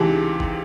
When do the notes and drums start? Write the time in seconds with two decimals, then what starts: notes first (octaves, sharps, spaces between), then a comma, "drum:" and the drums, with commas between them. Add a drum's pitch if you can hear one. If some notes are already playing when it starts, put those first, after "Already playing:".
Already playing: C#2 C3 E3 G#3 D#4
0.40 drum: kick G1